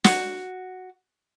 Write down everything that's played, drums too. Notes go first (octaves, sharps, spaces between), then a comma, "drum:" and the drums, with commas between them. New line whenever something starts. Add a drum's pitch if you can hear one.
F#4, drum: snare